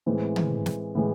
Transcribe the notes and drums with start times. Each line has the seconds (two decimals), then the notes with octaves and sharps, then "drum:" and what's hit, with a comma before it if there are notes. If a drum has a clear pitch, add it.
0.06 A2 E3 G#3 C4
0.36 drum: tom
0.66 drum: snare
0.95 A2 E3 G#3